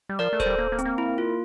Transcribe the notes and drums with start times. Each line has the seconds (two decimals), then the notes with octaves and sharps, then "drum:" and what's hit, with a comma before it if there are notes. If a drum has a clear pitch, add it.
0.09 G3
0.19 F3 A#4 D5
0.33 A3
0.40 A4 C5, drum: kick D1, hi-hat
0.46 G3
0.58 A#3
0.72 A#3
0.79 C4, drum: hi-hat
0.85 A#3
0.98 E4
1.18 F4